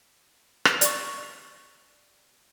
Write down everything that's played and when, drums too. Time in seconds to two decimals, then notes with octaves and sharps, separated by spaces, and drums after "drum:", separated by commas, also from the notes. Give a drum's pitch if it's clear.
0.65 drum: rim click
0.81 D5 C#6, drum: hi-hat